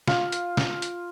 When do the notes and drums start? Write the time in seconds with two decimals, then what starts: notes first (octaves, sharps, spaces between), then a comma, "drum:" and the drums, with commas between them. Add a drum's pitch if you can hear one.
0.08 F4, drum: snare
0.32 drum: hi-hat
0.57 drum: snare
0.82 drum: hi-hat